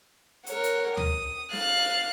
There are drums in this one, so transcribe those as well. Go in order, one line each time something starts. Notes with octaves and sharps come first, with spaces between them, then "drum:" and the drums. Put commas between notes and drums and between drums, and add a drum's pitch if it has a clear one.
A#4 C#5 F#5, drum: hi-hat
drum: hi-hat
D#6, drum: tom
F5 F#6 A6, drum: snare